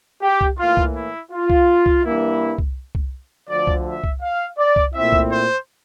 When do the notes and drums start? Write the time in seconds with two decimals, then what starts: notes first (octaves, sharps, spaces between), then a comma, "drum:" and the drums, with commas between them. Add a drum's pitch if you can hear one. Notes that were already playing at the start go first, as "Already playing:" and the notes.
0.22 G4
0.41 drum: kick C2
0.58 A2 E3 A#3 E4 F4
0.77 drum: kick C2
0.95 E4
1.32 F4
1.50 drum: kick C2
1.86 drum: kick C2
2.04 G2 E3 A#3 E4
2.58 drum: kick C2
2.95 drum: kick C2
3.49 D2 D3 F3 D5
3.67 drum: kick C2
3.86 E5
4.04 drum: kick C2
4.22 F5
4.59 D5
4.76 drum: kick C2
4.94 A#2 A3 C4 E4 E5
5.12 drum: kick C2
5.30 C5